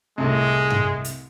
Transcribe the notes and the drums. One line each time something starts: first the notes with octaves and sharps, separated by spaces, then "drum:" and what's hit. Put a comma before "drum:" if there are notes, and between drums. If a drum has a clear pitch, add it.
C2 A2 C3 G#3
drum: tom G2
drum: hi-hat